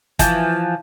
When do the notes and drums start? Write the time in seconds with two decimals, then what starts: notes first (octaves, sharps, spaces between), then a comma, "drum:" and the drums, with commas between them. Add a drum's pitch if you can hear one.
0.19 E3 F3, drum: kick G1, hi-hat